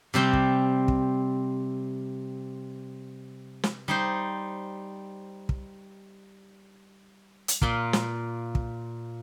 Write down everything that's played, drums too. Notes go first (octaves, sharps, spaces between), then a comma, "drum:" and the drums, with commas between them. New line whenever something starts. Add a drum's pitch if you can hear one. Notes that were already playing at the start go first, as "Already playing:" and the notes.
C3 G3 C4 G4
drum: kick
drum: kick
drum: snare
G3 D#4 C5
drum: kick
drum: hi-hat
A#2 A#3 F4, drum: kick
drum: snare
drum: kick